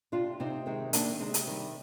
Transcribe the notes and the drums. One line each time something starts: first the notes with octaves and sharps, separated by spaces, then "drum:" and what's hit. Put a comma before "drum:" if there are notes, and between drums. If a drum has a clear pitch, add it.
C3 D4 F4
C3 C4 D#4
D#3 G#3 C4
C3 A#3 D4, drum: hi-hat
C3 G#3 C4
drum: hi-hat
D#3 G3